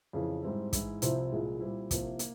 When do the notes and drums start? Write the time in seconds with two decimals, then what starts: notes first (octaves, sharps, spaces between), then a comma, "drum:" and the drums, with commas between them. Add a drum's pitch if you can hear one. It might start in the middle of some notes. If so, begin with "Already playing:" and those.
0.13 F2 C#3 E3
0.43 G#2 G3 C4 E4
0.73 G#2 E3 G#3 E4, drum: kick, hi-hat
1.02 C2 C3 F3 C4 E4, drum: hi-hat
1.32 C2 A#2 F3 G#3 E4
1.60 A#2 G3 C4 E4
1.91 C2 C3 F3 A#3, drum: kick, hi-hat
2.19 A#3, drum: hi-hat